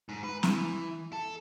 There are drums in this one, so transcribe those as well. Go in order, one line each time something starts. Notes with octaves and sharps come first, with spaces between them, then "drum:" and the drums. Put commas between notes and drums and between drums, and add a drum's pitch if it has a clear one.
G#2
B4
E3, drum: snare
A4